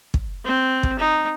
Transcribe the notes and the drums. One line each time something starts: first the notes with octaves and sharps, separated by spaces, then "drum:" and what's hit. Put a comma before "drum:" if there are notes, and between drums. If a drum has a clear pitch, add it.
drum: kick
C4
drum: kick
D#4